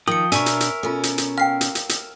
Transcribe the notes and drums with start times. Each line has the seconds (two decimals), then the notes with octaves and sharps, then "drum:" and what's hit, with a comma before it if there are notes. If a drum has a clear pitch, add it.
0.07 D#3 F3 G5 D#6 C#7 F#7
0.32 B2 D4 A#4 C#5 E5 G#5 C#6, drum: hi-hat
0.46 drum: hi-hat
0.60 drum: hi-hat
0.83 B2 C#4 F4 A4
1.03 drum: hi-hat
1.18 drum: hi-hat
1.38 F5 G5 F6 C7
1.61 drum: hi-hat
1.75 drum: hi-hat
1.89 drum: hi-hat